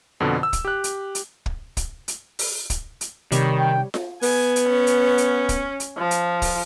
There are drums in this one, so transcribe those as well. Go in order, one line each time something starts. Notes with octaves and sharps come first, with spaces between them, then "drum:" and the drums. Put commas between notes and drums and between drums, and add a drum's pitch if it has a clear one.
F2 B2 D3
E6
drum: kick, hi-hat
G4 F#6
drum: hi-hat
drum: hi-hat
drum: kick
drum: kick, hi-hat
drum: hi-hat
drum: open hi-hat
drum: kick, hi-hat
drum: hi-hat
C3 D#3 G3 C#5, drum: hi-hat
G5
drum: snare F4
B3 G#5, drum: open hi-hat
drum: hi-hat
C#4
drum: hi-hat
drum: hi-hat
drum: kick, hi-hat
drum: hi-hat
F3
drum: hi-hat
drum: kick, open hi-hat